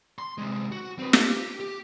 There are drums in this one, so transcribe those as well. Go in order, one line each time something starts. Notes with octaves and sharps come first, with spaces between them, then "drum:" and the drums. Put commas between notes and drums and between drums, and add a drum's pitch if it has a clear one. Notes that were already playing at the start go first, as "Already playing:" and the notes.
C6
C3 G#3
F#4
C4 B4
G4, drum: snare
G4